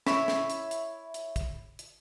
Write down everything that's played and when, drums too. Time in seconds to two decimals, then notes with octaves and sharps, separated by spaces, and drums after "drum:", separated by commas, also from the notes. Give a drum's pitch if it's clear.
0.07 E4 C#5 B5, drum: snare
0.28 drum: snare
0.50 drum: hi-hat
0.71 drum: hi-hat
1.14 drum: hi-hat
1.36 drum: kick, hi-hat
1.79 drum: hi-hat